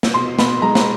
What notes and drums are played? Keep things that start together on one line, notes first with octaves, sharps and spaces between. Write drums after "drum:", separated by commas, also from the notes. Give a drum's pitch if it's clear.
drum: snare
B2 C6
B2 B5, drum: snare
G#3 A#5
drum: snare